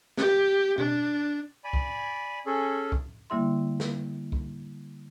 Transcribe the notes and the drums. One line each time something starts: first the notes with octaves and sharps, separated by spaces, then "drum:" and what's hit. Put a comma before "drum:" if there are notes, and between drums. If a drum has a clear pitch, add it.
G4, drum: snare
D4, drum: tom B2
D5 G#5 B5
drum: kick
C#4 G#4 A4
drum: kick
D3 G3 A#3 E4 E5 C6
drum: snare
drum: kick